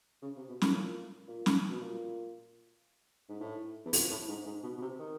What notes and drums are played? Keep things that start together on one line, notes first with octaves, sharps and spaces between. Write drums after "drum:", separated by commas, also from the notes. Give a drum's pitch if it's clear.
C#3
C3
B2
A#2, drum: snare
A2
A#2
A#2
drum: snare
B2
A#2
G#2
A2
E2
F2, drum: open hi-hat
A2
G#2
G#2
B2
B2
C3
D#3